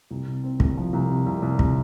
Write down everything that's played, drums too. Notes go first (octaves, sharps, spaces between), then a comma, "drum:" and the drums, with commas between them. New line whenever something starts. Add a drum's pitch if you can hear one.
C2
C3
C4
C2, drum: kick
F3
C2
C3
C2
C2
C3, drum: kick